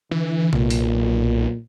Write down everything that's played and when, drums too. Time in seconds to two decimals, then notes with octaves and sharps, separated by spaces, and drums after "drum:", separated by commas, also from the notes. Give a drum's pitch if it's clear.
0.11 D3 E3
0.53 B1 A#2, drum: tom C3
0.70 drum: open hi-hat